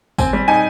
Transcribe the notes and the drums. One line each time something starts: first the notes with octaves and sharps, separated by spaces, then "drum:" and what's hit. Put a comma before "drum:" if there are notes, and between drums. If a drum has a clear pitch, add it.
C4 G#5, drum: kick G#1, tambourine
G3
D#4 G#5